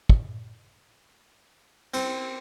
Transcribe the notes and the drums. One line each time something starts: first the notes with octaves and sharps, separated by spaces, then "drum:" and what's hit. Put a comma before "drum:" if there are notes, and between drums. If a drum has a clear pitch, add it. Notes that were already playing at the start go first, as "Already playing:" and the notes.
drum: kick
C4, drum: cymbal